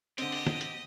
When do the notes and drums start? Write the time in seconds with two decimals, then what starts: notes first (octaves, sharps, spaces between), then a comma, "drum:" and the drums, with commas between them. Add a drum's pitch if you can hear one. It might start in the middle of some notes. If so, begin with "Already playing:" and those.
0.18 D3 C4 G4 D#5, drum: hi-hat
0.32 drum: open hi-hat
0.47 drum: snare
0.61 drum: hi-hat